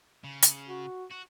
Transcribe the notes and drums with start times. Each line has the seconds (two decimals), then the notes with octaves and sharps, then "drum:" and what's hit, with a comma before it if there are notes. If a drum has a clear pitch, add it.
0.24 C#3
0.42 drum: hi-hat
0.68 F#4
1.11 F#4